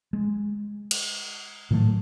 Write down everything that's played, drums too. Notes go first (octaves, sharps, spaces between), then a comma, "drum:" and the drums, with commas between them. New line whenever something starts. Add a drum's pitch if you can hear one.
G#3
drum: cymbal
A2 D#3 F#3 A3